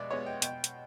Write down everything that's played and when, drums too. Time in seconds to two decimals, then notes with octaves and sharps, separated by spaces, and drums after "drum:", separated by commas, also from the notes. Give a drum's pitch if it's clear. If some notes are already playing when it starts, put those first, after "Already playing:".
Already playing: B2 G#3 B3 D5 E5
0.10 G#3 B3 C#5
0.26 G5
0.42 B2 G5, drum: hi-hat
0.64 drum: hi-hat